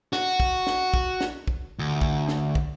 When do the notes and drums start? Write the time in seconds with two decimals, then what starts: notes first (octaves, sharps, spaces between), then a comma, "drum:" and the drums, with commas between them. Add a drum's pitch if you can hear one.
0.13 F#4, drum: snare
0.40 drum: kick
0.67 drum: snare
0.94 drum: kick
1.21 drum: snare
1.48 drum: kick
1.79 D2
2.01 drum: kick
2.28 drum: snare
2.55 drum: kick